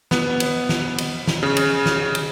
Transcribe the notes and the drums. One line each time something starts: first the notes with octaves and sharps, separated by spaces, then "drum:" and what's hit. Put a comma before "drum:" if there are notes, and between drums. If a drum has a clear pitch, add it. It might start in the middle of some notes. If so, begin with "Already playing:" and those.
B3, drum: snare
drum: cymbal
drum: snare
drum: cymbal
drum: snare
C#3
drum: cymbal
drum: snare
drum: cymbal